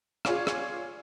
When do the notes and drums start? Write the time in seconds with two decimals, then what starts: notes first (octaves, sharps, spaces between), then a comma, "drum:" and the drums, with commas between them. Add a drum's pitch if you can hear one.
0.25 F4 G#4 C#5 D5 F5, drum: rim click
0.47 drum: rim click